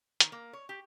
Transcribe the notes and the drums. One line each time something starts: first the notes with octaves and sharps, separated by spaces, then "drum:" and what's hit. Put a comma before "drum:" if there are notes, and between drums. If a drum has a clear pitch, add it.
D#3, drum: hi-hat
A#3
C#5
G4